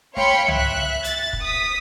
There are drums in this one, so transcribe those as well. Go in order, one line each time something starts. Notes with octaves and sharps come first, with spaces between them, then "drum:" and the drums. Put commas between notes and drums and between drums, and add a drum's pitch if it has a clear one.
C#5 F5 G5 B5 C6 C#7, drum: snare
E5 F#6, drum: tom C2
A6, drum: hi-hat
drum: kick
D#6 B6